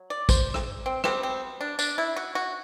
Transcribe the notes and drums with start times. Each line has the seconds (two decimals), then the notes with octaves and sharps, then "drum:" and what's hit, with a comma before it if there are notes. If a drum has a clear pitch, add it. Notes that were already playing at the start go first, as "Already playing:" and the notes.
Already playing: F#3
0.10 D5
0.29 C5, drum: kick, tambourine
0.54 drum: rim click
0.86 C4
1.04 B2 G3 B3 C4, drum: rim click
1.23 C4
1.61 D4
1.79 D4, drum: tambourine
1.98 E4
2.16 F#4
2.35 F#4